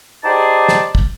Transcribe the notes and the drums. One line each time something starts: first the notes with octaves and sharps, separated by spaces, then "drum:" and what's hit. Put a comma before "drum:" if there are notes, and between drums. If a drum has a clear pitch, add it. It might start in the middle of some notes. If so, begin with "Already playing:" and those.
D#4 G4 G#4 C5 D5 A5
drum: snare
drum: kick